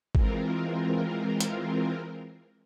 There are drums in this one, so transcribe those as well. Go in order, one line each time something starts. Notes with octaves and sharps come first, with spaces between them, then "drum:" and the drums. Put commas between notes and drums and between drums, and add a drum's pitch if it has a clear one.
E3 G#3 C4 F4 A#4, drum: kick G#1
drum: hi-hat